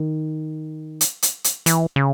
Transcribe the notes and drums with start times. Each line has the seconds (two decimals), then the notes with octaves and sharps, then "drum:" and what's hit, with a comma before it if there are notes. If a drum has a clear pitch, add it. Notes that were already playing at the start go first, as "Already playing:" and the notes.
Already playing: D#3
1.01 drum: hi-hat
1.23 drum: hi-hat
1.44 drum: hi-hat
1.66 E3, drum: hi-hat
1.96 C#3